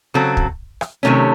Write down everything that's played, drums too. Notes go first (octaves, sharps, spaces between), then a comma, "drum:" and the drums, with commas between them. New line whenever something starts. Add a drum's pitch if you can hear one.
C#3 F#3 C4 F#4 A4
drum: kick
drum: rim click
C3 D#3 F#3 A3 C#4